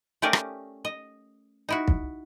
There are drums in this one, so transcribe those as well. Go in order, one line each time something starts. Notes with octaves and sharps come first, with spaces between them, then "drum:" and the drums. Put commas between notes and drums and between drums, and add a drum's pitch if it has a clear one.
A3 C#4 G4 A#4 D5 D#5
drum: rim click
D#5
D#4 E4 F#4
drum: kick